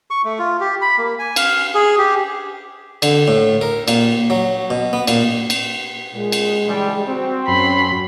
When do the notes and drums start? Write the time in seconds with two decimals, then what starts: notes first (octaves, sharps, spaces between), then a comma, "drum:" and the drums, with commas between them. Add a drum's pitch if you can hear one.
0.11 C#6
0.25 A3
0.39 F4
0.60 G4
0.82 B5
0.98 A#3
1.19 G#5
1.36 F5, drum: cymbal
1.75 G#4
1.98 G4
3.02 D3, drum: cymbal
3.28 A2
3.61 A#4
3.88 A#2, drum: cymbal
4.30 F#3
4.70 B2
4.93 B3
5.07 A#2, drum: cymbal
5.50 drum: cymbal
6.14 A#2 G#3
6.32 drum: cymbal
6.67 C#3 E3 G3
7.08 C4 F#4
7.48 F#2 C#4 B5 C6